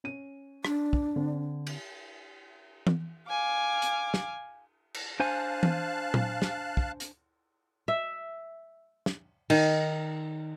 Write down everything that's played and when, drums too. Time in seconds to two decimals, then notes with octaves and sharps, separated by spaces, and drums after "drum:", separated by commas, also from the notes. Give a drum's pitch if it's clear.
0.04 C#4 D#7
0.65 D4, drum: rim click
0.93 drum: kick
1.16 D3 C4
1.67 drum: cymbal
2.87 drum: tom E3
3.29 F5 G#5 D6
3.82 drum: hi-hat
4.14 drum: snare
4.94 drum: cymbal
5.20 D4 C5 F5 G#5 A5 F#6
5.63 drum: tom E3
6.14 drum: tom A#2
6.42 drum: snare
6.77 drum: kick
7.00 drum: hi-hat
7.88 E5
9.06 drum: snare
9.50 D#3, drum: cymbal